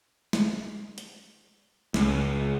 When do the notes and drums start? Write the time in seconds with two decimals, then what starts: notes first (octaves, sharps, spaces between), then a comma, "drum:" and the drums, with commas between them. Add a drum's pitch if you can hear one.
0.33 drum: snare
0.98 drum: hi-hat
1.94 C#2, drum: snare